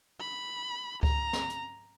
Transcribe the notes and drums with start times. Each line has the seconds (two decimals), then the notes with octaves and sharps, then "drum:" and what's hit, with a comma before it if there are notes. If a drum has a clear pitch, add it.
0.20 B5
1.03 A#5, drum: kick C#2
1.33 drum: snare
1.50 drum: hi-hat